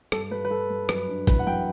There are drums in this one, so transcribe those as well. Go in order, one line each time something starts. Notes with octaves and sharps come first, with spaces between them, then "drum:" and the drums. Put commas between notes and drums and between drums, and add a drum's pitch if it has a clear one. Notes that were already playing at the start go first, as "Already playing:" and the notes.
G2 A4, drum: rim click
G2 B4
B4
G2 A4
G2
F#2 B4, drum: rim click
D4
E3 B4, drum: kick, hi-hat
F#5
F#2 G5